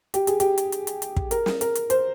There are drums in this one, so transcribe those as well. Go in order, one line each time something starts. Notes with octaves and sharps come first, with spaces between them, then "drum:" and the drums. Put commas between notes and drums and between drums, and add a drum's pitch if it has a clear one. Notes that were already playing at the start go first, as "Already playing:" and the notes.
G4, drum: hi-hat
G#4, drum: hi-hat
G4, drum: hi-hat
drum: hi-hat
drum: hi-hat
drum: hi-hat
drum: hi-hat
drum: kick
A#4, drum: hi-hat
drum: snare
A#4, drum: hi-hat
drum: hi-hat
C5, drum: hi-hat